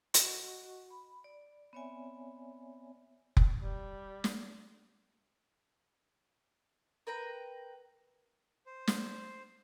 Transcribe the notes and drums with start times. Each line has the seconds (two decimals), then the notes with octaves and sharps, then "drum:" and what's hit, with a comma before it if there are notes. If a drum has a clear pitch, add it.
0.14 F#4 D#5 F#5 C#6, drum: hi-hat
0.90 B5
1.24 D5
1.73 B3 C4 C#5 D5 E5 G#5
3.37 drum: kick F1
3.57 G3
4.24 drum: snare
7.07 A#4 B4 G5 A#5
8.66 C5
8.87 drum: snare